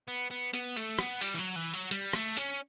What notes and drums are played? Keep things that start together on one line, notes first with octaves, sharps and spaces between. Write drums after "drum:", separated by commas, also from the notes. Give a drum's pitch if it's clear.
B3
B3
B3, drum: hi-hat
A3, drum: hi-hat
B3, drum: rim click
G3, drum: open hi-hat
E3
F#3
E3
F#3
G3, drum: hi-hat
A3, drum: rim click
C#4, drum: hi-hat